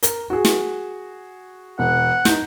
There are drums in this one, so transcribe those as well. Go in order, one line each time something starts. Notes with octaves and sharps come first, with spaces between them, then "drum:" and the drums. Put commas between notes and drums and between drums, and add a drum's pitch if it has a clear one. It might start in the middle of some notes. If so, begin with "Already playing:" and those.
A#4, drum: hi-hat
F#4 G#4
drum: snare
E1 F#5
D#4 G6, drum: snare